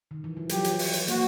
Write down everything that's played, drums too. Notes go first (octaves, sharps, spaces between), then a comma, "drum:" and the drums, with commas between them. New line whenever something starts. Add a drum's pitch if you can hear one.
D#3
E3
F3
F#3 G4, drum: hi-hat
drum: hi-hat
drum: open hi-hat
drum: hi-hat
A#3 F#4, drum: hi-hat